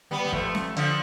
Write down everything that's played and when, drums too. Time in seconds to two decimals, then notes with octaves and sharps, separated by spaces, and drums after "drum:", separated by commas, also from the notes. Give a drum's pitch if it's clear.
0.11 G3 B3
0.25 B3
0.32 F3 A3, drum: kick
0.55 drum: snare
0.76 D3 F3, drum: hi-hat